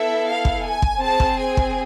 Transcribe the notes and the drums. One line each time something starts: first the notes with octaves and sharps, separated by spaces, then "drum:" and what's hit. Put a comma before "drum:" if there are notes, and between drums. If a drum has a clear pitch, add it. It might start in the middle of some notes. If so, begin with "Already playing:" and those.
Already playing: B3 E4 A4 E5
F5
drum: kick
G#5
drum: kick
C4 G#4 A5
drum: kick
G#5
drum: kick